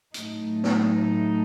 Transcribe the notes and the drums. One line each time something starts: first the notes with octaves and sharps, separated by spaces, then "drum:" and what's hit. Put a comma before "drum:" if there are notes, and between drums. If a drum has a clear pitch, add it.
A2 F#3 A3 D#4, drum: hi-hat
drum: snare